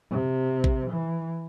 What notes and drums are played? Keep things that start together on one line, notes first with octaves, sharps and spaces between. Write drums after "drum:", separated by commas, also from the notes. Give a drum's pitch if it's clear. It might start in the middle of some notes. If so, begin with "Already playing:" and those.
C3
drum: kick A1
E3